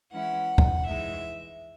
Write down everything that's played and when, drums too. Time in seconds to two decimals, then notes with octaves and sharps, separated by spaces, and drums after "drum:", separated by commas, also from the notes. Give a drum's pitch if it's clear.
0.12 E3 G#3 C#4 E4 F#5
0.58 drum: kick
0.87 E3 G#3 D#4 E5